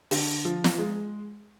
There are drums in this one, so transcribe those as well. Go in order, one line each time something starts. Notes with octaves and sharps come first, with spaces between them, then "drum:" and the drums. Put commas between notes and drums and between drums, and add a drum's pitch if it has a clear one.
D3, drum: open hi-hat
F3
drum: snare
G#3